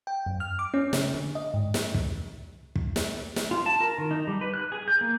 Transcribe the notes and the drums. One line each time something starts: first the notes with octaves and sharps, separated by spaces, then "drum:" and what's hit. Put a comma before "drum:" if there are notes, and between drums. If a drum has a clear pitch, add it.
G5
F#2
F6
D6
C#4
C#3, drum: snare
D3
D#5
G#2
drum: snare
drum: kick
drum: kick
drum: snare
drum: snare
F4
A5
A#4
D#3
D#4
G3
B4
F#6
G#4
G6
A#3